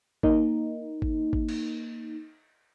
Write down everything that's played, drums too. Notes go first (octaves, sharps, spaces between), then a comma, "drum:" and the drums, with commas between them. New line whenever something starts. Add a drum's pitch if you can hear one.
A#3 D#4, drum: kick
drum: kick
drum: kick
drum: cymbal